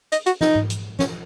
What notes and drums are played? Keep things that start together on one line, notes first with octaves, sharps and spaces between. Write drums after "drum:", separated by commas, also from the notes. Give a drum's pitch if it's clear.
D#5, drum: hi-hat
F#4, drum: hi-hat
D#4, drum: snare
drum: tom G#2
drum: hi-hat
C#4, drum: snare